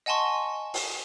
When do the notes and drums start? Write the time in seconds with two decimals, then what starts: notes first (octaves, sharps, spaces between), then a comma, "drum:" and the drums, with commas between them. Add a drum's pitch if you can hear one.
0.06 D#5 F#5 G#5 A5 C6 C#6
0.74 drum: open hi-hat